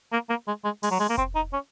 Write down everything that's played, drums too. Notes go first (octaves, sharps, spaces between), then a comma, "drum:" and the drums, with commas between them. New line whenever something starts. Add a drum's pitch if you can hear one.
A#3
A#3
G#3
G#3
G#3, drum: open hi-hat
F#3
G#3
A#3
C4, drum: kick F1, hi-hat
D#4
C#4